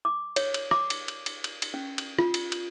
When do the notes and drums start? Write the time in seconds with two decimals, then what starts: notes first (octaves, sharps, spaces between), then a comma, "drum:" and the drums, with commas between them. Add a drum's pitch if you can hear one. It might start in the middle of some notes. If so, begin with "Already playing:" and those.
0.05 D6
0.36 C#5, drum: cymbal
0.54 drum: cymbal
0.71 D6, drum: rim click
0.90 drum: cymbal
1.08 drum: cymbal
1.26 drum: cymbal
1.44 drum: cymbal
1.62 drum: cymbal
1.74 C#4
1.98 drum: cymbal
2.19 F4, drum: rim click
2.34 drum: cymbal
2.52 drum: cymbal